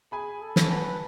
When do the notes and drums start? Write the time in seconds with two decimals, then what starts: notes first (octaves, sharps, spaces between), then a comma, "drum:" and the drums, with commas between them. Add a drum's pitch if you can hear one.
0.12 G#4 G#5 B5
0.42 A4
0.56 drum: snare
0.71 B4 F#5 A5